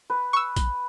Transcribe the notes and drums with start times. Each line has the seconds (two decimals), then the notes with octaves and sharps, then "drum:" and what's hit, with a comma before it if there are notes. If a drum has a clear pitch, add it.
0.10 B4
0.33 C#6 E6
0.56 drum: kick A#1, hi-hat